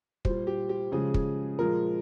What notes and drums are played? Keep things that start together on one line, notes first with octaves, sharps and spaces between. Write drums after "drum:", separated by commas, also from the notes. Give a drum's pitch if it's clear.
A#2 G3 C5, drum: kick
G4
G4
C#3 F3 G#3 G#4
drum: kick
A#2 F3 G#3 A#4